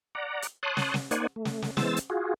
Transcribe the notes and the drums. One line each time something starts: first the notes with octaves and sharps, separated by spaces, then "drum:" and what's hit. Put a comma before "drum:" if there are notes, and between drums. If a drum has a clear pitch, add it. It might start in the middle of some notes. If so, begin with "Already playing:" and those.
D5 F#5 A#5
drum: hi-hat
C#5 A5 C6 D#6 F#6
drum: snare
drum: snare
A#3 D#4 C5 D5 F#5 G#5, drum: hi-hat
A3
drum: snare
drum: snare
E3 G#3 B3 C5 E6 A6, drum: snare
drum: hi-hat
F4 F#4 G#4